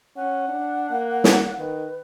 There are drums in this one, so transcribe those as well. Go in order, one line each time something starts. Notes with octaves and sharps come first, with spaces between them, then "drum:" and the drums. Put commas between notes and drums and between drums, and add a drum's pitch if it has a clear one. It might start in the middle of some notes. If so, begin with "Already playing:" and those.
C#4 F#5
D4
A#3
drum: snare
D#3 B4